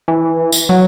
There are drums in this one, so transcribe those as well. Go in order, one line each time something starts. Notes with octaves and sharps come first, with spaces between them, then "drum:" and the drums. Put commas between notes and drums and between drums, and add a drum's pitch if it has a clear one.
E3
drum: tambourine
F#3